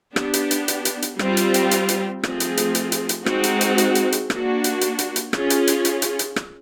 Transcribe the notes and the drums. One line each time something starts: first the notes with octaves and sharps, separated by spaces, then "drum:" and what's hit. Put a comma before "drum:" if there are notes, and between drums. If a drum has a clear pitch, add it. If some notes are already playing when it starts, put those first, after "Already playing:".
B3 D4 G4, drum: rim click
drum: hi-hat
drum: hi-hat
drum: hi-hat
drum: hi-hat
drum: hi-hat
G3 C4 F4, drum: rim click
drum: hi-hat
drum: hi-hat
drum: hi-hat
drum: hi-hat
F3 A3 C4 F4 G#4, drum: rim click
drum: hi-hat
drum: hi-hat
drum: hi-hat
drum: hi-hat
drum: hi-hat
G#3 C4 D#4 F#4, drum: rim click
drum: hi-hat
drum: hi-hat
drum: hi-hat
drum: hi-hat
drum: hi-hat
A#3 D4 F#4, drum: rim click
drum: hi-hat
drum: hi-hat
drum: hi-hat
drum: hi-hat
C#4 F4 G#4, drum: rim click
drum: hi-hat
drum: hi-hat
drum: hi-hat
drum: hi-hat
drum: hi-hat
drum: rim click